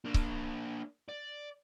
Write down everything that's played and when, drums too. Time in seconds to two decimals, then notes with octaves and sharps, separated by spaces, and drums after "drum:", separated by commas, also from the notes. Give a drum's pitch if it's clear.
0.05 A#3 D4
0.14 drum: kick C#1
1.09 D5